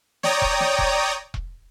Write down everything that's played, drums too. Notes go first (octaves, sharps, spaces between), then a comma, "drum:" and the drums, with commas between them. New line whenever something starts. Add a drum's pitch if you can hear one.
C#5 D5 G5 A#5 D#6, drum: snare
drum: kick E1
drum: snare
drum: kick E1
drum: kick E1